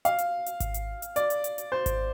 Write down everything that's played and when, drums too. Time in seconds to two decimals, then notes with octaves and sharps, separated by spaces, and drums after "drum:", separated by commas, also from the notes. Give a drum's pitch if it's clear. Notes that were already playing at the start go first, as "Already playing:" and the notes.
0.05 F5, drum: hi-hat
0.19 drum: hi-hat
0.46 drum: hi-hat
0.60 drum: kick G#1, hi-hat
0.74 drum: hi-hat
1.02 drum: hi-hat
1.16 D5, drum: hi-hat
1.30 drum: hi-hat
1.44 drum: hi-hat
1.58 drum: hi-hat
1.72 C5
1.86 drum: kick G#1, hi-hat